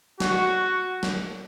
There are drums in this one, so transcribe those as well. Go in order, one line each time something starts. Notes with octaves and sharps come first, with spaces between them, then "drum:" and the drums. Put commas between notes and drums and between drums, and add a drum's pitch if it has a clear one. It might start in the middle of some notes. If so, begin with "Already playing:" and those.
F#4, drum: snare
drum: snare